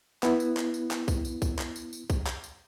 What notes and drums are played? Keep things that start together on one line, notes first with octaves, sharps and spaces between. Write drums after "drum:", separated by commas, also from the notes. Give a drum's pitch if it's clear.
B3 E4, drum: clap
drum: tambourine
drum: clap
drum: tambourine
drum: clap
drum: kick B1, tambourine
drum: tambourine
drum: kick B1, tambourine
drum: clap
drum: tambourine
drum: tambourine
drum: kick B1, tambourine
drum: clap
drum: tambourine